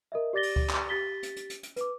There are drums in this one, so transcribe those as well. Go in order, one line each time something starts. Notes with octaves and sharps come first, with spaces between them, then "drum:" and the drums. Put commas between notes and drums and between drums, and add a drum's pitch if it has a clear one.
A#4 D#5 E5
G4 D5 D6 A6 A#6 G7
drum: open hi-hat
drum: kick C#2
drum: clap
G4 A6 B6 G7
drum: hi-hat
drum: hi-hat
drum: hi-hat
drum: hi-hat
B4 D6, drum: hi-hat